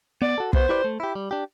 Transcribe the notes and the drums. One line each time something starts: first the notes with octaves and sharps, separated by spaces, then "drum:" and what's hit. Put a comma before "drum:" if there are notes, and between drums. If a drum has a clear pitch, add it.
B3 D5
F#4 A4
B3 C5, drum: kick
E4 G4 B4 D5
A3
E4 G4
G3
D4 G4